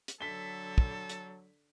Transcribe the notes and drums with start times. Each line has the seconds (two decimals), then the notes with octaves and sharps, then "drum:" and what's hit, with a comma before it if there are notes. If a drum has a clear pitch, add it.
0.08 drum: hi-hat
0.21 D3 F#3 A4 B6 G7
0.78 drum: kick
1.09 drum: hi-hat